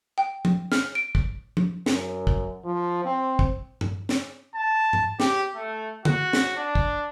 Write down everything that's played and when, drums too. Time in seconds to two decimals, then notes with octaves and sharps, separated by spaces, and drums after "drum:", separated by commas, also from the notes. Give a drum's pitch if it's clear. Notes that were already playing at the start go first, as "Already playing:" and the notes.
0.18 G5
0.45 drum: tom F3
0.72 F6, drum: snare
0.95 D7
1.15 drum: kick
1.57 drum: tom F3
1.86 F#2, drum: snare
2.27 drum: kick
2.64 F3
3.05 C4
3.39 drum: kick
3.81 drum: tom G2
4.09 drum: snare
4.55 A5
4.93 drum: tom G#2
5.20 G4, drum: snare
5.55 A3
6.05 F#4, drum: tom D3
6.33 drum: snare
6.57 D4
6.75 drum: kick